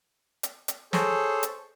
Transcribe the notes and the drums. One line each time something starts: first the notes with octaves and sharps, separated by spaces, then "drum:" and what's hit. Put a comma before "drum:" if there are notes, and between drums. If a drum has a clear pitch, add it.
drum: hi-hat
drum: hi-hat
G#4 A4 C5 C#5, drum: snare
drum: hi-hat